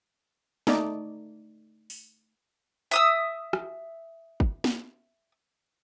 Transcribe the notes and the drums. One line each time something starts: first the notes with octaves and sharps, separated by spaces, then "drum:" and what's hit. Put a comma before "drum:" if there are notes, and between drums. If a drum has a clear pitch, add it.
A3 D#4 D5, drum: snare
drum: open hi-hat
E5 D#6 E6
drum: rim click
drum: kick
drum: snare